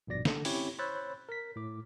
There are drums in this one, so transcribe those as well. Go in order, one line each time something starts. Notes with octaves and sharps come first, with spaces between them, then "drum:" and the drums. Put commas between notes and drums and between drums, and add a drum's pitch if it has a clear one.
A#1 G2 B2 D5 A#6
D3, drum: snare
C4 C#4 E4 G4 C#5, drum: open hi-hat
C5 C#5 B5 E6 F#6 A6
A#4 B6
A2 D6